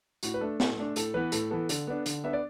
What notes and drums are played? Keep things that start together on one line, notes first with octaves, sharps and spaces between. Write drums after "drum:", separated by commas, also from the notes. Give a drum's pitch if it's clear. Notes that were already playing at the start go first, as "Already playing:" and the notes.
A2 F#4, drum: hi-hat
B4
A3 D4 A4
A2, drum: snare
A3 D4
A2 A4, drum: hi-hat
E3 B3 B4
A2 A4, drum: hi-hat
E3 B3 A4
D3 A4, drum: hi-hat
B3 D4
D3, drum: hi-hat
B3 D4 E5
D5